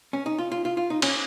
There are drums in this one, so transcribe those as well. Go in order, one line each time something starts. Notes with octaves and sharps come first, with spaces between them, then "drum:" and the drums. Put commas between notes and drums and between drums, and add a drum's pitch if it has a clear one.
C#4
D#4
F4
F4
F4
F4
D#4
C#4, drum: cymbal